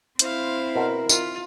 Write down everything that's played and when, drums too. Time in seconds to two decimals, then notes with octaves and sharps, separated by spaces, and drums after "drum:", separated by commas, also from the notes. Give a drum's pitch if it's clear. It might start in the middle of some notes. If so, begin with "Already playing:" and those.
0.19 C4 E4 C5 F5, drum: hi-hat
0.76 B2 A#4
1.09 D#3 F4, drum: tambourine